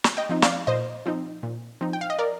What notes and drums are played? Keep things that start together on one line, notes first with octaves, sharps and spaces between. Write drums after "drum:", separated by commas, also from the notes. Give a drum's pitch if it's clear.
drum: snare
D#5 G5
F3 C4 D#4
D5 F5, drum: snare
A#2 C5 D#5
F3 C4 D#4
A#2
F3 C4 D#4
G5
F5
D#5
A#4 D5